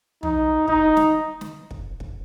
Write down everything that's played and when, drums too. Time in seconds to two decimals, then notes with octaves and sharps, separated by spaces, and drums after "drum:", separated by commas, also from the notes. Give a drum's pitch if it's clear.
0.23 D#4, drum: tom
0.68 D#4, drum: kick
0.97 drum: snare
1.41 drum: snare
1.71 drum: kick
2.00 drum: kick